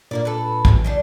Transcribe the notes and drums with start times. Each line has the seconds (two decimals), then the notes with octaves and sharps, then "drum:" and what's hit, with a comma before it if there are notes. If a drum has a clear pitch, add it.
0.11 A#2 A#3 D4 F4 A#4 D5
0.25 A4 B4
0.65 D#2 B2 E3 F#3 G#3, drum: kick
0.84 C#3 G3 D4